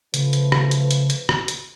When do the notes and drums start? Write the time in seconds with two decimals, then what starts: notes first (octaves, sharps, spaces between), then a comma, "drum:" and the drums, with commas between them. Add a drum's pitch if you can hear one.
0.14 C#3 F3 A3 B4, drum: hi-hat
0.33 drum: hi-hat
0.52 drum: rim click
0.71 drum: hi-hat
0.91 drum: hi-hat
1.10 drum: hi-hat
1.29 drum: rim click
1.48 drum: hi-hat